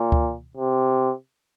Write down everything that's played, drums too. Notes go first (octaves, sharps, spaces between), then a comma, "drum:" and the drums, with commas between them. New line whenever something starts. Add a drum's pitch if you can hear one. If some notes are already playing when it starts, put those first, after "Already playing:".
Already playing: A#2
drum: kick C#2
C3